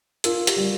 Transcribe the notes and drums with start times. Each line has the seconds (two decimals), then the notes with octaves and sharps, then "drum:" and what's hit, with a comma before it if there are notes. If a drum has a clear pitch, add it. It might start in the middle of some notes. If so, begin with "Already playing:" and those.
0.24 F4 A#4, drum: hi-hat
0.47 G4, drum: hi-hat
0.56 G3